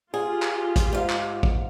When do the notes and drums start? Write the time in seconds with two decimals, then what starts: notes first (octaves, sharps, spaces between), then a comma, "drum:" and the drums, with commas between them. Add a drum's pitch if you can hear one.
0.14 F4 G4 G#4
0.42 drum: clap
0.76 drum: kick, hi-hat
0.93 G#2 F5
1.09 drum: clap
1.43 drum: kick